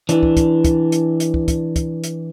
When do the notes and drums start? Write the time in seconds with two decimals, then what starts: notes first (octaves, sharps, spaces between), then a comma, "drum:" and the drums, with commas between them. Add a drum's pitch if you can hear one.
0.09 E3 D4, drum: hi-hat
0.23 drum: kick
0.37 drum: kick, hi-hat
0.64 drum: kick, hi-hat
0.92 drum: hi-hat
1.20 drum: hi-hat
1.34 drum: kick
1.48 drum: kick, hi-hat
1.76 drum: kick, hi-hat
2.04 drum: hi-hat